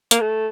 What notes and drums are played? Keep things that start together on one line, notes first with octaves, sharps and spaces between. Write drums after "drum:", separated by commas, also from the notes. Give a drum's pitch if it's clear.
A#3, drum: hi-hat
A3